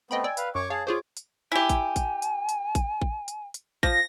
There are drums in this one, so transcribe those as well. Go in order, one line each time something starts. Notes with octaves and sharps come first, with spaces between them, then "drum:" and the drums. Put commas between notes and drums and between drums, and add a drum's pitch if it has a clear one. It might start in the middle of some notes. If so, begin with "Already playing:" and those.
A3 B3 C4 D#5 G5 B5
D5 G5 G#5 E6
B4 F5, drum: hi-hat
F#2 C#5 C#6 D6
G#4 C#5 F5 A5
F4 G#4 C5 C#5 D6
drum: hi-hat
E4 G4 G#5
drum: kick A1, hi-hat
drum: kick A1, hi-hat
drum: hi-hat
drum: hi-hat
drum: kick A1, hi-hat
drum: kick A1
drum: hi-hat
drum: hi-hat
F3 A#6, drum: kick A1